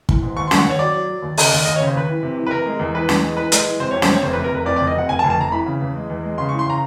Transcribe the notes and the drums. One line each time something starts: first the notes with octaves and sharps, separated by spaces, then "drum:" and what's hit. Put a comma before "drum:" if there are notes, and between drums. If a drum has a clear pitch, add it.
E3, drum: kick
G#2
D#2 C#6
C6
D#2, drum: snare
F#5
D#2 C#5
F#3 D5
F#3
F#3
D#2
C#3, drum: open hi-hat
D#2
D#2 D#5
C#5
C#3
C5
D#2 B4
E3
C3
E3
B4
C3 A#4
G#3
E2
E3 B4
E2, drum: snare
G#3
E3 B4
G#3, drum: hi-hat
E3
C3 C5
C#5
F2
C5, drum: snare
C3 C#5
F1 C5
B4
C3
A#4
F1 B4
F2 D5
D5
F1
D#5
C3 F#5
F1 G#5
A5
F1
A5
F1 A#5
E3 B5
C#3
E2
G#3
E2
G#3
C#3 C6
C#6
E3
C6
C#3 A#5